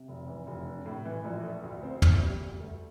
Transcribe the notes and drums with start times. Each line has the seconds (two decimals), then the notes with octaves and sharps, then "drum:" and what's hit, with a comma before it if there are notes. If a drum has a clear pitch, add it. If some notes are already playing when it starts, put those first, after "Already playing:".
Already playing: C3
0.08 F1
0.27 E3
0.47 F1
0.67 D4
0.86 A2
1.05 E3
1.25 A#1
1.44 A3
1.64 D2
1.83 C4
2.02 A#2, drum: tom
2.22 G3
2.41 D2
2.60 A3